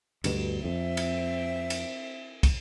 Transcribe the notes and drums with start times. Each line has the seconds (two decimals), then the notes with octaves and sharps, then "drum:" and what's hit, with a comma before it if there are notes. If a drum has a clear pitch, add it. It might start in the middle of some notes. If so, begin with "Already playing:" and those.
0.24 D2 G2 B2, drum: cymbal
0.64 F2 C4 E5
0.97 drum: cymbal
1.70 drum: cymbal
2.43 drum: kick, cymbal